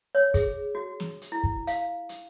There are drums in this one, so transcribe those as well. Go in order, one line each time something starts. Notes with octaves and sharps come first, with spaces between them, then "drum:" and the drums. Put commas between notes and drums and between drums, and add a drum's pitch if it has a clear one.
C#5
G#4, drum: kick, hi-hat
F#4
drum: snare
drum: hi-hat
E4
drum: kick
F5, drum: hi-hat
drum: hi-hat